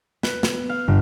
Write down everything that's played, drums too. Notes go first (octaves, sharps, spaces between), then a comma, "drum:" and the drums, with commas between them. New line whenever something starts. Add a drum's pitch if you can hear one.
B4, drum: snare
B3, drum: snare
F5
G1